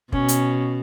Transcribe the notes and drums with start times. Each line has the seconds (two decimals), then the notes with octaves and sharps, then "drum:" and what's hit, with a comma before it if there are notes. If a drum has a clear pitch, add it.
0.12 B2 C#4, drum: kick
0.28 drum: hi-hat